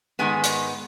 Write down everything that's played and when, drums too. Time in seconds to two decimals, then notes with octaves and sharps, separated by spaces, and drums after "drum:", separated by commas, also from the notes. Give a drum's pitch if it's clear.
0.19 G#2 D#3 G#3 B3 G#5
0.44 drum: hi-hat